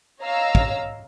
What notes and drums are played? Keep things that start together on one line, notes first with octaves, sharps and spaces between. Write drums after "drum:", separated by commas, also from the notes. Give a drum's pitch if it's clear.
C#5 D#5 F5 A#5 E6
drum: kick